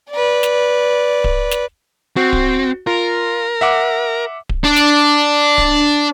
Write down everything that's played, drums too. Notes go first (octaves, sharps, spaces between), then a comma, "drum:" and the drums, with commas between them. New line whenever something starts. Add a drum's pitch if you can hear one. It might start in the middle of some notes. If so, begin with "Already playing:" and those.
B4 D5
drum: snare
drum: kick D1
drum: snare
C4 F#4
drum: kick D1
F4 A#4
E5 F#5 D6
drum: kick D1
D4
drum: snare
drum: kick D1